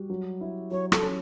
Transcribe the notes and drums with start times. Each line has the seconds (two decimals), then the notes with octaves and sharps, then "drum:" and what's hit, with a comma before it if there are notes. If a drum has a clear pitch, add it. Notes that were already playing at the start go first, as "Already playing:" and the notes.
Already playing: G3 F#4
0.10 F#3
0.41 E4
0.71 F#3 C#5
0.92 A4, drum: rim click
1.02 C#4